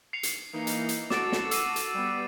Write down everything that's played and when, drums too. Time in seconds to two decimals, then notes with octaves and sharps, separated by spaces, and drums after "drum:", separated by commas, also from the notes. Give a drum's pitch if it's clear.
0.13 C7 C#7 F7
0.23 drum: hi-hat
0.53 E3 A#3 D#4
0.67 drum: hi-hat
0.89 drum: hi-hat
1.10 F#4 A4 D6 A6 D7, drum: snare
1.32 drum: snare
1.51 E6 C7 D#7, drum: hi-hat
1.76 drum: hi-hat
1.94 G3 B3